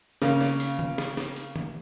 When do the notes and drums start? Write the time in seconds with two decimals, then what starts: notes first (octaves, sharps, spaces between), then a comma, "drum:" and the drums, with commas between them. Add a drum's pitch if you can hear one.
0.22 C#3 A#3, drum: snare
0.41 drum: snare
0.60 drum: hi-hat
0.79 drum: tom
0.98 drum: snare
1.17 drum: snare
1.36 drum: hi-hat
1.56 drum: tom